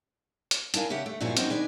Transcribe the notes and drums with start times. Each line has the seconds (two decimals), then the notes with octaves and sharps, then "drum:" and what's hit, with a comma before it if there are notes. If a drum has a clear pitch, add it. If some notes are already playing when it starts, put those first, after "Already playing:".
0.51 drum: hi-hat
0.74 D4 E4 A#4 F5 G#5, drum: hi-hat
0.90 C#3 G4 E5 F#5
1.06 A3
1.20 G2 A#2 F3 C#4 E4 F#4
1.37 F#3 G#3 C4 C#4 D#4, drum: hi-hat
1.50 B2 D#3 D4 B4 G#5